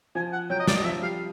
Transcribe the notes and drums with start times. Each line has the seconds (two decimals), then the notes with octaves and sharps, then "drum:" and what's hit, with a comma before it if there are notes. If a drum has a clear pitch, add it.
0.15 F3 G#5
0.32 F#5
0.50 F#3 G5
0.59 D#5
0.67 D5, drum: snare
0.76 D#5
0.85 F3 E5
1.02 G3 F5